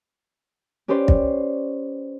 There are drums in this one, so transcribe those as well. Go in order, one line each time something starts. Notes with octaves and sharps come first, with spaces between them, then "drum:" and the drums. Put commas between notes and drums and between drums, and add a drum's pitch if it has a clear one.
C#4 G4 B4 C5 D5
drum: kick